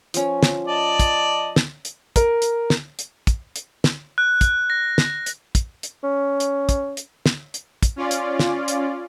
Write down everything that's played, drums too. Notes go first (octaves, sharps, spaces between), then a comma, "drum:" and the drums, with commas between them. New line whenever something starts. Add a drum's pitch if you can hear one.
F3 C#4, drum: hi-hat
drum: snare
D5 D#5 A5
drum: kick, hi-hat
drum: snare
drum: hi-hat
A#4, drum: kick, hi-hat
drum: hi-hat
drum: snare
drum: hi-hat
drum: kick, hi-hat
drum: hi-hat
drum: snare
F#6
drum: kick, hi-hat
A#6
drum: snare
drum: hi-hat
drum: kick, hi-hat
drum: hi-hat
C#4
drum: hi-hat
drum: kick, hi-hat
drum: hi-hat
drum: snare
drum: hi-hat
drum: kick, hi-hat
C#4 F4 D5
drum: hi-hat
drum: snare
drum: hi-hat